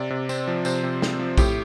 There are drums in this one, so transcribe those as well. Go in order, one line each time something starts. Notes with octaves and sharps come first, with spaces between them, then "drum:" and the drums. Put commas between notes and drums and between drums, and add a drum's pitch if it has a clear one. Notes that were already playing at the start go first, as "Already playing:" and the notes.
Already playing: C3 D5
C3
C4, drum: tambourine
F3
C3 C5, drum: tambourine
C3
C4, drum: snare
F3
A2 G4, drum: kick A#1, tambourine